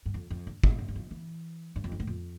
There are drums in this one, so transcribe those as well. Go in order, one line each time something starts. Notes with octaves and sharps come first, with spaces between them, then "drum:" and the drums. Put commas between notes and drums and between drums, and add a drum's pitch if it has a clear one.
G2
F2
F2
G2
A2, drum: kick
G2
G3
F3
E3
G2
F2
G2
A2
F2